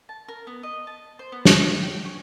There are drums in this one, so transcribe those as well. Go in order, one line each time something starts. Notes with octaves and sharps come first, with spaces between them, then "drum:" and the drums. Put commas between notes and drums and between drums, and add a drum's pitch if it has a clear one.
A5
A#4
B3
D#5
A5
C5
B3
drum: snare
F6
G5
C#4